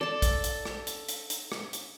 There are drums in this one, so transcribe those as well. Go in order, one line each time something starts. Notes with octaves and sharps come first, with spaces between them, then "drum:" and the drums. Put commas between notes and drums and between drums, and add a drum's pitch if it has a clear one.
A4 D5 A5
drum: kick A#1, hi-hat
drum: hi-hat
drum: rim click
drum: hi-hat
drum: hi-hat
drum: hi-hat
drum: rim click
drum: hi-hat